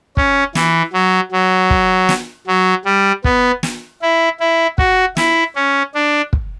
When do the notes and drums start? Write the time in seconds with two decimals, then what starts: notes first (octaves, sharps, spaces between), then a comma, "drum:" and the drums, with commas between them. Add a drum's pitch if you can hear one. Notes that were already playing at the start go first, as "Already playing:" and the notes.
0.17 C#4, drum: kick
0.55 E3, drum: snare
0.93 F#3
1.32 F#3
1.70 drum: kick
2.09 drum: snare
2.47 F#3
2.85 G3
3.24 B3, drum: kick
3.63 drum: snare
4.02 E4
4.40 E4
4.78 F#4, drum: kick
5.17 E4, drum: snare
5.56 C#4
5.95 D4
6.33 drum: kick